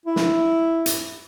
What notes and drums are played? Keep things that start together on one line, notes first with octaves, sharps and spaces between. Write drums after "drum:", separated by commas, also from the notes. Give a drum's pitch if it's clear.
E4
drum: snare
drum: hi-hat